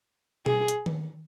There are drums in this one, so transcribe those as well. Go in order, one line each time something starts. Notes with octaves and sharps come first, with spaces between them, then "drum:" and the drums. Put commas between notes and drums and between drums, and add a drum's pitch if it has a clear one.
G#4, drum: tom B2
drum: hi-hat
drum: tom D#3